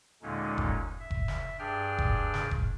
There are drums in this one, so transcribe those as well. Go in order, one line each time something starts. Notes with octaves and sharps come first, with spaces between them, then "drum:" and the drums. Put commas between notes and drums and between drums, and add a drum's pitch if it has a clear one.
D#2 A#2 D3 G#3 C#4 D#4
drum: kick F1
E5
drum: kick F1
drum: snare
G2 D4 G#4 G5 F6
drum: kick F1
drum: snare
drum: kick F1